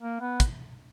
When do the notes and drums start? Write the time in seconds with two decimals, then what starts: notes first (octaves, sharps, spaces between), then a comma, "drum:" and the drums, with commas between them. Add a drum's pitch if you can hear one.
0.01 A#3
0.20 B3
0.40 drum: kick, hi-hat